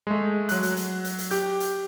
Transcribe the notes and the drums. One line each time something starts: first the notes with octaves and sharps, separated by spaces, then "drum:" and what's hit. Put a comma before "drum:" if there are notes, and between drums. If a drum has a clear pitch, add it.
G#3 A3
F#3 F#6, drum: hi-hat
drum: hi-hat
drum: hi-hat
drum: hi-hat
drum: hi-hat
G4 G6, drum: hi-hat
drum: hi-hat